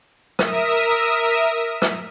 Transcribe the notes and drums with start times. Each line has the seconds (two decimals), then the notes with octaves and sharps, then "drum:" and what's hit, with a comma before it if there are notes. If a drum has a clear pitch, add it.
0.39 A#4 E5 D#6, drum: rim click
1.82 drum: rim click